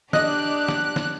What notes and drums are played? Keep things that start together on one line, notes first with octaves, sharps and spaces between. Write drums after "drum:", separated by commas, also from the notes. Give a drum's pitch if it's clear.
D4 G4 D5 D#5 F#6, drum: snare
drum: snare
drum: snare